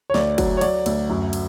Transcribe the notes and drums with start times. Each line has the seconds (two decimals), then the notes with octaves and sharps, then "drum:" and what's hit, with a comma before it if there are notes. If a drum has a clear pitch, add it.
0.10 C#5
0.14 D2 D5, drum: snare
0.38 F#3, drum: kick, cymbal
0.57 C#5
0.61 F#3 D5, drum: cymbal
0.86 D2, drum: cymbal
1.10 F#2
1.33 drum: cymbal